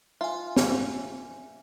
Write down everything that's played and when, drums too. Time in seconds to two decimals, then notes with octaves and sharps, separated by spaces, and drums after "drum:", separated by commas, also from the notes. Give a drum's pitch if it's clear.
0.21 F4 E5 G#5
0.56 drum: snare